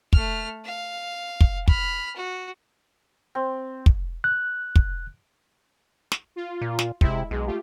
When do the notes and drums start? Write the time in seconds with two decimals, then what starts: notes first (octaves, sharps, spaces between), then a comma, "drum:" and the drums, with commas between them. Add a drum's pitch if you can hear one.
0.13 A3 F6, drum: kick
0.65 F5
1.41 drum: kick
1.68 B5 F6, drum: kick
2.16 F#4
3.35 C4
3.86 drum: kick
4.24 F#6
4.76 drum: kick
6.12 drum: snare
6.36 F4
6.61 A#2
6.79 drum: snare
7.01 C3 G#3 E4, drum: kick
7.31 B1 G#3
7.46 A3 F4 G4